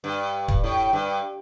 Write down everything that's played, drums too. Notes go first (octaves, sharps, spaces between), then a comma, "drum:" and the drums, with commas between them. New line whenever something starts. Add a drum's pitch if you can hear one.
G2
drum: kick
A2
G2